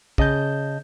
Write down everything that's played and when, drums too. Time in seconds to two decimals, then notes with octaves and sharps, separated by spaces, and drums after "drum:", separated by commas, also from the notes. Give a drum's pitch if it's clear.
0.18 C#3 D#5 A5 G6, drum: kick